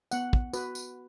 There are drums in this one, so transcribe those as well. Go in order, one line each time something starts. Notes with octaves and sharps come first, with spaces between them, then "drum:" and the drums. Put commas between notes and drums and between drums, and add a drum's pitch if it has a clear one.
B3 F#5, drum: tambourine
drum: kick
F#4 B4, drum: tambourine
drum: tambourine